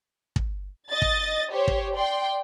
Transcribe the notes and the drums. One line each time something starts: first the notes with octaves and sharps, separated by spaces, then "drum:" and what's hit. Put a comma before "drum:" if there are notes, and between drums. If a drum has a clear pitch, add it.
drum: kick
D#5 A6
drum: kick
G4 C5 C#5
drum: kick
D5 G5 C6